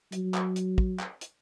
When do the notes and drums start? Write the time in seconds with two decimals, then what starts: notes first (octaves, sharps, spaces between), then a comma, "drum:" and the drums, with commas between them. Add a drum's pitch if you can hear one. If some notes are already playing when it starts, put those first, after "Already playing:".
0.12 F#3, drum: hi-hat
0.34 drum: clap
0.56 drum: hi-hat
0.78 drum: kick
1.00 drum: clap
1.21 drum: hi-hat